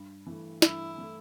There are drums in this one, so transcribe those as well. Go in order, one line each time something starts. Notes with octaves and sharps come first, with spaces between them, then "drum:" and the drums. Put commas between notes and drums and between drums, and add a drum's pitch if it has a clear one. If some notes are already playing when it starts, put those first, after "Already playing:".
Already playing: G2
E3 A3
G2 E4, drum: snare
E3 A3